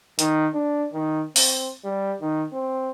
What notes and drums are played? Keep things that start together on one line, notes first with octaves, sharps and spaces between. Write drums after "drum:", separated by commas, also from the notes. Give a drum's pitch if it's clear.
D#3, drum: hi-hat
D4
D#3
C4, drum: open hi-hat
G3
D#3
C4